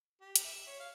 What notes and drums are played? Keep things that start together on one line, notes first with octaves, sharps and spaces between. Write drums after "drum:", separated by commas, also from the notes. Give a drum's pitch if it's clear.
G4
drum: hi-hat
E5
C#5
F5